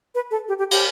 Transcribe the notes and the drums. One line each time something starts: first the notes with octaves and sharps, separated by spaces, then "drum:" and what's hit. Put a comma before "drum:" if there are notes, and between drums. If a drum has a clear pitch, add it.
B4
A4
G4
G4
G4, drum: cymbal